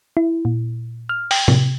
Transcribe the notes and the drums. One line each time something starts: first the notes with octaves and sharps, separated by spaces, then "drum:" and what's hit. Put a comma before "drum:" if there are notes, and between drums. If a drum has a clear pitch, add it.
E4
A#2
F6
G5, drum: open hi-hat
C3, drum: tom A2